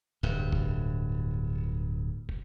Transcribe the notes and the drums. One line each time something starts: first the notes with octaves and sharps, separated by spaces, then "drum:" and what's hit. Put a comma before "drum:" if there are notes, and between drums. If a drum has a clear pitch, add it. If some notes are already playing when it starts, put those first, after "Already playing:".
D1 G2
drum: kick
drum: kick